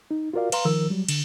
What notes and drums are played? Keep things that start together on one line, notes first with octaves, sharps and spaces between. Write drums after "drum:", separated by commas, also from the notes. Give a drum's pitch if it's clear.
D#4
F4 F#4 A#4 D5 F5
B4 F5 A#5 C6, drum: cymbal
D#3 F3 A#4 E6
F#3 G3
D3, drum: cymbal